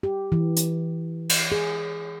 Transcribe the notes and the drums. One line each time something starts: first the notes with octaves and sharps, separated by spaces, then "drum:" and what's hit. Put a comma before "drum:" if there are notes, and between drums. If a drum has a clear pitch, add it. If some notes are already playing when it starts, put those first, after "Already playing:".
G4
E3
drum: hi-hat
drum: cymbal
G#4